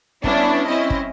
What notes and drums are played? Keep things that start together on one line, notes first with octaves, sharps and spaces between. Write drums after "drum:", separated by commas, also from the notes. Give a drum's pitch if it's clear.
G3 B3 C#4 D4 E4, drum: kick
C4 C#4 E4 D#5
drum: kick